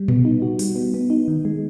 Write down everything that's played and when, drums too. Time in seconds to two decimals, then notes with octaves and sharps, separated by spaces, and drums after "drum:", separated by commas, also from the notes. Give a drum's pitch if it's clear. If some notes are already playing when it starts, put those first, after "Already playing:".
Already playing: G3
0.08 B3, drum: tom A#2
0.25 D#4
0.42 F#4
0.59 G3, drum: open hi-hat
0.76 B3
0.94 B3
1.10 D#4
1.28 D#3
1.45 G#3